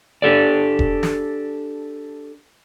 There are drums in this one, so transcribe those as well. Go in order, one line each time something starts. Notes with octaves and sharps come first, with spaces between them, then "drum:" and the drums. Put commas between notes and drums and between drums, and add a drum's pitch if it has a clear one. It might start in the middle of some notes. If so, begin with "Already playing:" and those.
D4 G4 A4 D5
drum: kick E1
drum: snare